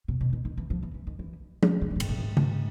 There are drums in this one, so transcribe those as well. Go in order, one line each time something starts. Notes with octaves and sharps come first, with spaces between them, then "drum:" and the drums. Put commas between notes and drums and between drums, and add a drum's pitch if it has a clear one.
C3
B2
B2
D#3
E3
F3
E3
E3
D#3
E3
drum: tom F3
C#3
G2
A2
G#2, drum: cymbal
A2
G#2
drum: tom C#3